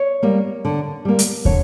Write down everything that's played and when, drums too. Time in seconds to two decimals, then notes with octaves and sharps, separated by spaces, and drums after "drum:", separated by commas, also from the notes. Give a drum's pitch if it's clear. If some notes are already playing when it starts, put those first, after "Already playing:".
Already playing: C#5
0.23 G3 A#3
0.65 D3
1.05 G3 A#3
1.19 drum: hi-hat
1.45 D3 C#5, drum: kick